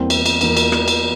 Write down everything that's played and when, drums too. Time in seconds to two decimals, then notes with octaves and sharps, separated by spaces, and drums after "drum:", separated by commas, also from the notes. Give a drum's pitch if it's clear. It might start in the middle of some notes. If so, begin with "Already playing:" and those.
Already playing: E2 E3 G3 A#3 C4
0.10 drum: cymbal
0.26 drum: cymbal
0.41 E2 E3 A#3, drum: cymbal
0.57 drum: cymbal
0.72 drum: rim click
0.88 drum: cymbal